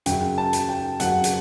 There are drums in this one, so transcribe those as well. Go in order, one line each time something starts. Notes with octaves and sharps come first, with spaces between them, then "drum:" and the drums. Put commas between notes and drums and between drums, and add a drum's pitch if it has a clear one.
F#2 C#3 F#3 G5, drum: hi-hat
A5
drum: hi-hat
G5
F#2 C#3 F#3 F#5, drum: hi-hat
drum: hi-hat